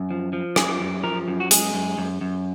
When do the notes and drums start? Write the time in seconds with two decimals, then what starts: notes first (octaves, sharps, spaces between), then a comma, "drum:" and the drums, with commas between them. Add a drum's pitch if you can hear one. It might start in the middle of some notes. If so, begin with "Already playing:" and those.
Already playing: F#2
0.11 F3
0.33 F3
0.56 F#2 G#4, drum: rim click
0.81 F#2
1.04 F3 A#4
1.28 F#2
1.40 F#4
1.51 G#3 G#4, drum: hi-hat
1.74 F#2
1.98 F#2
2.21 F#2